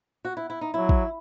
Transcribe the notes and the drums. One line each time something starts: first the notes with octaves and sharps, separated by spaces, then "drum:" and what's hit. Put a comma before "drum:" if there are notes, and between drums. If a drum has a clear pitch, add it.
F#4
E4
E4
D#4
F#3 E4
drum: kick